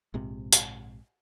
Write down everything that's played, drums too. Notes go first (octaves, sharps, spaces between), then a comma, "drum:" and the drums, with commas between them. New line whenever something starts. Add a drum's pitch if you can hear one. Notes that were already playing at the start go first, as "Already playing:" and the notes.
A#1 G#2 C3
drum: hi-hat